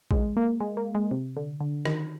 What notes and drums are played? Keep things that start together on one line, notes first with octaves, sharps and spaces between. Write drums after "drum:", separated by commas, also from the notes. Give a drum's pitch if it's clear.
G#3, drum: kick
A#3
G#3
A#3
G#3
C3
D3
D3
D#3, drum: rim click